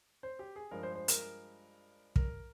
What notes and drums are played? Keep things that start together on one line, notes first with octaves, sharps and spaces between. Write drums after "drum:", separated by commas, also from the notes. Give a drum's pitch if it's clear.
C5
G4
G#4
G2 F3 G#3 A#4
C5
C5
A#4, drum: hi-hat
A#4, drum: kick